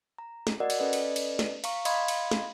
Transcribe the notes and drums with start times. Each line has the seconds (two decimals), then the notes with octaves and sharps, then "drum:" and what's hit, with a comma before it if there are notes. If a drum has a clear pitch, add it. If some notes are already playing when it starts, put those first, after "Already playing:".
0.18 A#5
0.47 drum: snare
0.60 F#4 A#4 D5 D#5 F#5
0.70 drum: cymbal
0.79 C#4 A4 B4 D5 D#5
0.93 drum: cymbal
1.16 drum: cymbal
1.39 drum: snare
1.64 F5 A#5 C#6, drum: cymbal
1.85 D#5 F5 B5 C6 D#6 G#6, drum: cymbal
2.08 drum: cymbal
2.31 drum: snare